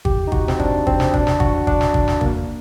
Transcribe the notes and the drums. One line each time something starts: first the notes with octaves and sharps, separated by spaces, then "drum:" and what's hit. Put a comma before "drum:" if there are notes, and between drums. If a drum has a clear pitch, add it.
G4, drum: kick
D#4
F#4, drum: kick
C4, drum: snare
D4, drum: kick
C4, drum: kick
drum: snare
D4, drum: kick
drum: snare
F#4, drum: kick
D4, drum: kick
drum: snare
drum: kick
drum: snare
A#3, drum: kick